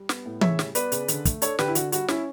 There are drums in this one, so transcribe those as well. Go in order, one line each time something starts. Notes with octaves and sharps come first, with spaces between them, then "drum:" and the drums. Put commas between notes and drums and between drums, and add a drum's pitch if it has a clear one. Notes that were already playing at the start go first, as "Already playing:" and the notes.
Already playing: G3
B3, drum: snare
A2
C#3 C#5 E5, drum: tom E3
G3, drum: snare
B3 B4 D5, drum: hi-hat
C#3, drum: hi-hat
D3, drum: hi-hat
A3, drum: kick, hi-hat
D4 A4 C#5, drum: hi-hat
D3 G4 B4, drum: snare
E4
D3 F#4, drum: hi-hat
G3 F#4, drum: hi-hat
C#4 E4, drum: snare